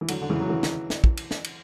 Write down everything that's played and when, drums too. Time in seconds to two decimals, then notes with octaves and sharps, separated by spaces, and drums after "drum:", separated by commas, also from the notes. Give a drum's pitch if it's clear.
0.01 E3
0.08 D3 F#3, drum: cymbal
0.21 D3
0.30 C#3 E3
0.40 F#3
0.49 C#3 E3
0.63 drum: snare
0.90 drum: snare
1.04 drum: kick
1.17 drum: cymbal
1.31 drum: snare
1.44 drum: cymbal